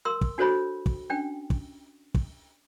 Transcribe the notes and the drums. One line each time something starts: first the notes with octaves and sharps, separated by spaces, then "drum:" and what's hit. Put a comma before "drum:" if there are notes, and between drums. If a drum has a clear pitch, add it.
A#4 C6 E6
drum: kick
D4 F#4 A4 C5 C#5 B5
drum: kick
C#4 D4 G5
drum: kick
drum: kick